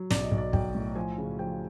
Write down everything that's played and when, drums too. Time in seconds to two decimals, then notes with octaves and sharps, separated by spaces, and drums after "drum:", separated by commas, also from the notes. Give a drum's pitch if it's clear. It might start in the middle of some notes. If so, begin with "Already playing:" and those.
Already playing: F#3
0.10 B1 D5, drum: snare
0.23 D#5
0.31 B1
0.38 D5
0.53 B1 G5, drum: kick
0.75 A2
0.95 F3 G#5
1.18 C#3
1.39 F3 G5